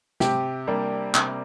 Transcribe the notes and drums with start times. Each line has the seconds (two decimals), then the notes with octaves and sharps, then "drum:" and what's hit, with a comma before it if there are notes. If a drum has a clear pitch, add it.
0.20 C3 G4, drum: snare
0.67 G3 A#3 D4
1.15 C3, drum: clap